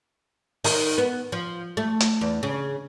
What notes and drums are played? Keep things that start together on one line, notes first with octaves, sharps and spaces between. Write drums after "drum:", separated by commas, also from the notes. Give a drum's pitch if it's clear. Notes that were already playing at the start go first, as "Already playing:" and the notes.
D#3, drum: open hi-hat
B3
F3
A3
drum: hi-hat
E2
C#3